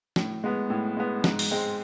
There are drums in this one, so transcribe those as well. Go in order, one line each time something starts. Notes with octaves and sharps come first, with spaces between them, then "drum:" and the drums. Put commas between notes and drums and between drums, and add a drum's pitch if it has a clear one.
A2, drum: snare
G#3 B3
A2
G#3 B3
G#2, drum: snare
drum: open hi-hat
G#3 C4